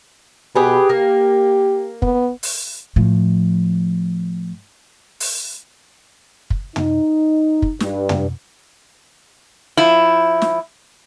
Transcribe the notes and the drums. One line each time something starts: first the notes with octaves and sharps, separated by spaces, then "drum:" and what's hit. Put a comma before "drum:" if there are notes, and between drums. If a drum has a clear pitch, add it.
B2 G4 G#4 B4
A#3 G4
B3, drum: kick
drum: open hi-hat
A2 F3
drum: open hi-hat
drum: kick
D#4, drum: tom
drum: kick
G2, drum: snare
drum: tom
F3 E4
drum: snare